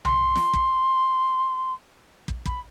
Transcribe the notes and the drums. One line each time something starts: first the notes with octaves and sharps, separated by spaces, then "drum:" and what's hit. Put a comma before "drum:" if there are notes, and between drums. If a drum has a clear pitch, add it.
C6, drum: tom B1
drum: snare
drum: kick
drum: kick
B5, drum: kick